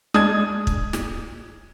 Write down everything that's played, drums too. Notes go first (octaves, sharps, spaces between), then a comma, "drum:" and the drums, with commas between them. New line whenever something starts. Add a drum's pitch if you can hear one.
G#3 D4 D#6 G#6
drum: kick
drum: snare